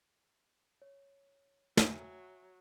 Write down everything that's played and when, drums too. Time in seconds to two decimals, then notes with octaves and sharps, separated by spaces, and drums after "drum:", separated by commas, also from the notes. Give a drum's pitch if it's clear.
0.82 C#5
1.77 F#3 E5 G#5, drum: snare